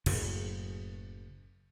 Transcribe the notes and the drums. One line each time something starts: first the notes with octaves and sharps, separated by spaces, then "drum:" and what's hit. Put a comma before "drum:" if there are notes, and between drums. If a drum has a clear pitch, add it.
F#1 F#2 A2 C#3, drum: cymbal